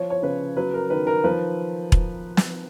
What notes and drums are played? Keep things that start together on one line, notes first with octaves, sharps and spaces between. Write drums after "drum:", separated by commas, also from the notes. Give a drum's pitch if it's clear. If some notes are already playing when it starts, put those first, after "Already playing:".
Already playing: F3 C#5
C#5
C#3 B4
F#3 B4
A#4
D#3 B4
A#4
F3 B4
drum: kick E1
drum: snare